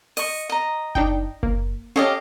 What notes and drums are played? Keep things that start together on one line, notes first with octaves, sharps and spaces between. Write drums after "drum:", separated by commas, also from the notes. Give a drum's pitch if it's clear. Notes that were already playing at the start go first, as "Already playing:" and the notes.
D#5 C#6, drum: open hi-hat
D#5 A#5
D4 D#4 G5, drum: kick F#1
A#3, drum: kick F#1
C#4 G4 A4 C#5 D#5 F5